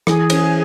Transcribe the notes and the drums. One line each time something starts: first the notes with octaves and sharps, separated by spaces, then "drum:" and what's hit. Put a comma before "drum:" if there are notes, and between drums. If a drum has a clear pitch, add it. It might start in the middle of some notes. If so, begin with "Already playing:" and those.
E3 G#4, drum: rim click
C#4, drum: cymbal